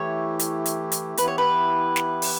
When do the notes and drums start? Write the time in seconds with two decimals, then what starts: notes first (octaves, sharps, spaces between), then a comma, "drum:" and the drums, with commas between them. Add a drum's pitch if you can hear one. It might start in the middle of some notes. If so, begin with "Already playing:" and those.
Already playing: E3 A3 E4 G4 C#5
0.39 drum: hi-hat
0.66 drum: hi-hat
0.92 drum: hi-hat
1.17 E3 B3 E4 G4 B4, drum: hi-hat
1.28 C#5
1.38 B4
1.96 drum: snare
2.22 drum: open hi-hat